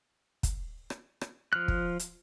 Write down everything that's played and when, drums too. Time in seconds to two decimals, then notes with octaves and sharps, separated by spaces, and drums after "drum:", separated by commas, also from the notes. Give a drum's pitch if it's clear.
0.43 drum: kick, hi-hat
0.90 drum: rim click
1.21 drum: rim click
1.53 F3 F6 F#6
1.68 drum: kick
1.99 drum: hi-hat